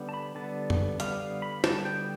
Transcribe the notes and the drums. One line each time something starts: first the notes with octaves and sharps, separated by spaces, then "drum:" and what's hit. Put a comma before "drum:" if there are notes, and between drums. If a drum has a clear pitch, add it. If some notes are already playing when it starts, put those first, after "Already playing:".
Already playing: D3 G3 B3
A5
B5
D3 G3 B3 A5
drum: tom F#2
D3 G3 B3 F5, drum: hi-hat
F5
B5
D3 G3 B3 A5, drum: snare
G5